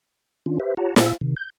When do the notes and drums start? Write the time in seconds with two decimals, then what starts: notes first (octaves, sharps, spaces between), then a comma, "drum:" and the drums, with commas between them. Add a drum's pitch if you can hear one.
0.46 D#3 C#4 D4 F4
0.60 G4 B4 C5 E5
0.77 F4 G4 C#5 F#5 A5 A#5
0.96 A#2 E6, drum: snare
1.21 C3 D#3
1.37 G6